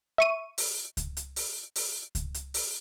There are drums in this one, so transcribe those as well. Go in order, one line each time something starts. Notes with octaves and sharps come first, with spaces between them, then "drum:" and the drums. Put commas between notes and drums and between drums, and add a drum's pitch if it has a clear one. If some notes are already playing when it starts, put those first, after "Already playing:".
E5 C#6 D#7
drum: open hi-hat
drum: kick C#2, hi-hat
drum: hi-hat
drum: open hi-hat
drum: open hi-hat
drum: kick C#2, hi-hat
drum: hi-hat
drum: open hi-hat